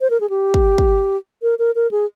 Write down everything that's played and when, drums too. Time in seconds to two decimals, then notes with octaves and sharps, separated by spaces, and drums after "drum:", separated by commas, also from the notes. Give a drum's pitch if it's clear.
0.01 C5
0.10 A#4
0.20 G#4
0.30 G4
0.54 drum: kick
0.78 drum: kick
1.42 A#4
1.59 A#4
1.75 A#4
1.91 G#4